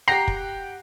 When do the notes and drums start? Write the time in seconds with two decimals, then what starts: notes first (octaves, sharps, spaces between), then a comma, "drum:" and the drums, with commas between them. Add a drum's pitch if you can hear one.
0.08 G4 F#5 G5 A#5 C7
0.28 drum: kick